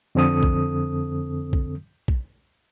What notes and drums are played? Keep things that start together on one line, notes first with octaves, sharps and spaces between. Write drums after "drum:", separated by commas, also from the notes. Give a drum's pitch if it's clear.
F2 D3 C4 A4 D#6
drum: kick A#1
drum: kick A#1
drum: kick A#1